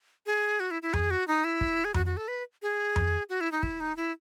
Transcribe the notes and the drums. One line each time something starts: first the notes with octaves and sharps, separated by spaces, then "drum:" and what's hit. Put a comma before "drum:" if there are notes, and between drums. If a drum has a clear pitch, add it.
G#4
F#4
E4
E4
G#4, drum: tom F2
F#4
D#4
E4
drum: kick
G#4
F#4, drum: tom F2
F#4
A4
B4
G#4
drum: tom F2
F#4
E4
D#4
E4, drum: kick
D#4
E4